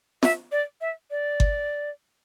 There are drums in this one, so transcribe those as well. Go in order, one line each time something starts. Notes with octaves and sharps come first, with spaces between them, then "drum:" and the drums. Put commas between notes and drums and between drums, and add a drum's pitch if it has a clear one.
E5, drum: snare
D5
E5
D5
drum: kick G1